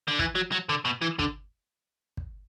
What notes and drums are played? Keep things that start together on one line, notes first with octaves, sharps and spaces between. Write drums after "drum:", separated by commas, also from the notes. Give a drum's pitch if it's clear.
D3
E3, drum: kick
F#3
F#3
D3
B2
E3
D3, drum: kick
drum: kick